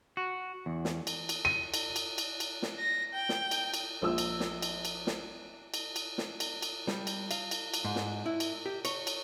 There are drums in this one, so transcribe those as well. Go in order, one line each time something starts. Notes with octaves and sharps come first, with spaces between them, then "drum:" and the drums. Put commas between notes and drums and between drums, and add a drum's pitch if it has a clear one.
F#4
E2
drum: snare
drum: cymbal
drum: cymbal
D#7
drum: cymbal
drum: cymbal
drum: cymbal
drum: cymbal
drum: snare
A#6
G5
drum: snare
drum: cymbal
drum: cymbal
A#1 F3 E6
drum: cymbal
drum: snare
drum: cymbal
drum: cymbal
drum: snare
drum: cymbal
drum: cymbal
drum: snare
drum: cymbal
drum: cymbal
G3, drum: snare
drum: cymbal
F5, drum: cymbal
drum: cymbal
drum: cymbal
G#2
drum: snare
E4
drum: cymbal
G4
C#5, drum: cymbal
drum: cymbal